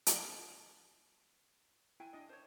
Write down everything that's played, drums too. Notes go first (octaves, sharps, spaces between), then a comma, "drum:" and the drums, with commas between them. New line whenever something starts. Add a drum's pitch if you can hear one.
drum: hi-hat
E4 G5 G#5
D4 D#5
C5 C#5